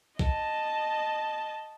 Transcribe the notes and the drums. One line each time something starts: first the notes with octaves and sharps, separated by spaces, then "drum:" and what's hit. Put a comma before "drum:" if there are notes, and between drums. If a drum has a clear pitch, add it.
D#5 A5, drum: kick B1